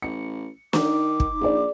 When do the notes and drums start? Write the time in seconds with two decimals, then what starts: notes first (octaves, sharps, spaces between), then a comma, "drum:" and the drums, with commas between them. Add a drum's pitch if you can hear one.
0.02 A1 C#7
0.73 D#3 D#4 D6, drum: snare
1.20 drum: kick
1.41 A#1 G#4 D5